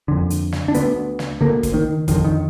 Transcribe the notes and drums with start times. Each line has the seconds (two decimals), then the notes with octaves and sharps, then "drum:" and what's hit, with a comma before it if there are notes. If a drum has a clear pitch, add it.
0.08 F2 D3
0.30 drum: hi-hat
0.52 drum: snare
0.68 D4
0.74 D2 D3 B3, drum: hi-hat
1.19 drum: snare
1.41 D2 D3 A#3
1.63 drum: kick, hi-hat
1.74 D#3
2.08 F2 D3 D#3, drum: kick, hi-hat
2.24 D#3